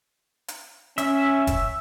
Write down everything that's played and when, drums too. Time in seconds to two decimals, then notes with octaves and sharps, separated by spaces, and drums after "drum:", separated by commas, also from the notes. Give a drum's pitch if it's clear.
0.48 drum: hi-hat
0.98 C#4 E5, drum: hi-hat
1.47 drum: kick F1, hi-hat